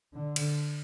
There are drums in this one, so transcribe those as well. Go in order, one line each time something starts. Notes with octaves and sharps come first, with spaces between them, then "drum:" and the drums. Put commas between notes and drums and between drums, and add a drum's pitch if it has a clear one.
D3
drum: cymbal